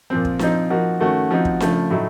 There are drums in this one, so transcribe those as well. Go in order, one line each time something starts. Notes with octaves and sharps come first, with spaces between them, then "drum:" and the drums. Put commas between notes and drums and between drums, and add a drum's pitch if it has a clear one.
A#2 F3 C4
drum: kick
F3 C4 D#4, drum: snare D4
F3 A#3 D#4 F#4
D#3 A3 C#4 F#4
F3 C4 D#4 F#4
drum: kick
C#3 F3 A3, drum: snare D4
A2 F#3 A3 D#4